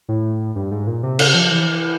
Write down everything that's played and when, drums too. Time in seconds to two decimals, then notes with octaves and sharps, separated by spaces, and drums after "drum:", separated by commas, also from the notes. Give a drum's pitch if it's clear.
0.09 A2
0.56 G2
0.71 G#2
0.87 A#2
1.03 C3
1.19 C#3, drum: cymbal
1.34 F3
1.50 E3